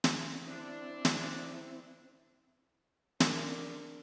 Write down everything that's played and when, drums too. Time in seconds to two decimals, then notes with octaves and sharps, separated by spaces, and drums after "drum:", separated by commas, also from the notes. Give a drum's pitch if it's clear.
0.04 drum: snare
0.47 C4 D4 E4
1.05 drum: snare
3.20 D4 A#4, drum: snare